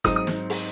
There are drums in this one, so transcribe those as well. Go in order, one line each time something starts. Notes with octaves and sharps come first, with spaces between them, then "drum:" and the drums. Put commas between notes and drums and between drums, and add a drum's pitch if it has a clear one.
G#2 F#3 C4 D#4 D#6, drum: kick F#1, hi-hat
D#6
drum: snare
drum: open hi-hat